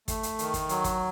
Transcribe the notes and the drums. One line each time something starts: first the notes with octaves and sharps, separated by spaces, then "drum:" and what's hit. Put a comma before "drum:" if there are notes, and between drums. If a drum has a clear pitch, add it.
A3, drum: kick, hi-hat
drum: hi-hat
D#3, drum: hi-hat
drum: kick, hi-hat
F#3, drum: hi-hat
drum: kick, hi-hat